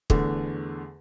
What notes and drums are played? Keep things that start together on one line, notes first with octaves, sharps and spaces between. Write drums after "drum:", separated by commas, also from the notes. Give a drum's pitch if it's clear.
E2 D3 A3, drum: kick